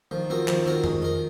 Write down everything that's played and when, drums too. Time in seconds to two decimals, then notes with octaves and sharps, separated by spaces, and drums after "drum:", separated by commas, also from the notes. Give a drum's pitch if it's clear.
0.11 D#3 F3
0.30 F3 C4 F#4 A#4
0.48 D#3 F3, drum: clap
0.66 D#3 C4 F#4 A#4
0.84 G#3, drum: tom F2
1.02 D#4 A#4